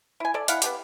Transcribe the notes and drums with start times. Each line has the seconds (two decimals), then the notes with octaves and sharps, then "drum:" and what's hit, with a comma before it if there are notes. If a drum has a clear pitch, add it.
0.20 E4 G#5
0.34 A4 D5
0.48 E4 F5 F#5, drum: hi-hat
0.62 B3 D4 G4, drum: hi-hat